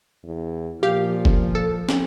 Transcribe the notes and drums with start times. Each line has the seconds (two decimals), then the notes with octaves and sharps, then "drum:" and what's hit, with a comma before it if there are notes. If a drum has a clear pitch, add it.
0.24 E2
0.83 A#2 F3 G4 F5
1.25 drum: kick
1.55 A4
1.89 drum: snare